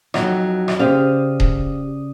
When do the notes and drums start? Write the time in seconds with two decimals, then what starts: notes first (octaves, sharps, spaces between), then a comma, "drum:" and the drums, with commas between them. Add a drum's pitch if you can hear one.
0.14 F2 F#3 D#4, drum: rim click
0.68 drum: rim click
0.79 C#3 G4 C5 D5 F5 D#6
1.40 drum: kick D#1